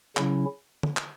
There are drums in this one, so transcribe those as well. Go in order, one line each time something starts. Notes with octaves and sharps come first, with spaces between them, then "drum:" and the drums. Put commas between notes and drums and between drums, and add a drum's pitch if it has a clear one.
C#3 F#3 C#4 E4, drum: clap
drum: tom
drum: clap